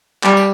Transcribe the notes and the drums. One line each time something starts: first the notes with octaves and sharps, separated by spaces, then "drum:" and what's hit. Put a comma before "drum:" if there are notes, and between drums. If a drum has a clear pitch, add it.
G3, drum: clap
drum: tambourine